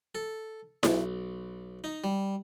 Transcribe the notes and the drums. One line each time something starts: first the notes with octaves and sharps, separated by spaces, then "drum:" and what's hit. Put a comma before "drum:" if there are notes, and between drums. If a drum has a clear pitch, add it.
A4
B1, drum: snare E4
D#4
G3